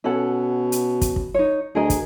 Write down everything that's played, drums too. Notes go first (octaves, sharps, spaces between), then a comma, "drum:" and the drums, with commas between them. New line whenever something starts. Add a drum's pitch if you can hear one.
B2 C#4 A4 F#5
drum: hi-hat
drum: kick, hi-hat
drum: kick
D#4 C#5
D2 G#4 A#4 D#5
drum: kick, hi-hat